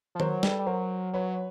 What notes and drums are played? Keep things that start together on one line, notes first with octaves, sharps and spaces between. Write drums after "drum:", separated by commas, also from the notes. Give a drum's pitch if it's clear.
F3
F#3 A#4 C5, drum: tom D#3
G3 A4 B4, drum: snare
G3
F#3 A#4 C5
F#3 B4 C#5